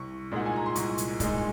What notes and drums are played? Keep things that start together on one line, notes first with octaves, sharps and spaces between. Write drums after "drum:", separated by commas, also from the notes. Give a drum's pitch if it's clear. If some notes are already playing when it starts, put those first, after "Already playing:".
Already playing: C2 C#6
A#2 G#3 D#4 F#5
G#5
A#5
C6
C2 C#6, drum: hi-hat
drum: hi-hat
A#2 G#3 D#4, drum: kick, hi-hat